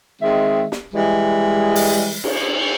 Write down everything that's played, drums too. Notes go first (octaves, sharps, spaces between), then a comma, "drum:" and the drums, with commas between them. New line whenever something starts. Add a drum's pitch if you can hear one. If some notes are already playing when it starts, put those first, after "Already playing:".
D#3 G#3 C4 E5
drum: snare
E3 G3 G#3
drum: open hi-hat
drum: cymbal